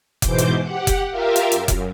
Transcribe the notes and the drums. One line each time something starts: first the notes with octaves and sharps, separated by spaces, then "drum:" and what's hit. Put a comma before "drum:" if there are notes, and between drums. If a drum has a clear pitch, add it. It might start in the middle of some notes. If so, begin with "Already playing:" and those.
G#2 B2 E3 C5 D6 G6, drum: kick F1, hi-hat
drum: hi-hat
G4 F#5
drum: kick F1, hi-hat
F4 G4 A#4 E5 F5
drum: hi-hat
F#2, drum: hi-hat
drum: kick F1, hi-hat